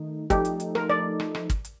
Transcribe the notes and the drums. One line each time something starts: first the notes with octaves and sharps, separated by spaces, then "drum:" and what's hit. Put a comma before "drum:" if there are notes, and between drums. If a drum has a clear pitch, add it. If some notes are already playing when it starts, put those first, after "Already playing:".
Already playing: D#3 A3 D#4
F3 A3 D#4 G4 A4, drum: kick, hi-hat
drum: hi-hat
drum: hi-hat
A#4, drum: rim click
D5
drum: rim click
drum: rim click
drum: kick, hi-hat
drum: hi-hat